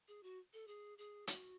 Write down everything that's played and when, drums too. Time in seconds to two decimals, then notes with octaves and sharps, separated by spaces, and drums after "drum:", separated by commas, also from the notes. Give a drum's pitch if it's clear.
0.08 G#4
0.23 F#4
0.53 A4
0.67 G#4
0.98 G#4
1.27 F#4, drum: hi-hat